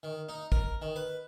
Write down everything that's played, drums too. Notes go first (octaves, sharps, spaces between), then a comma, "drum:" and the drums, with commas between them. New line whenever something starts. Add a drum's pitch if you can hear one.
D#3
D#4
A#4, drum: kick
D#3
B4